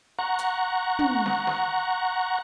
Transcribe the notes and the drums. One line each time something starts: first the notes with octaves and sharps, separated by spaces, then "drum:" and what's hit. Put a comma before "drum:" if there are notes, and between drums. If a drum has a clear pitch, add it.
F#5 A#5 C#6
drum: hi-hat
drum: tom
drum: snare
drum: snare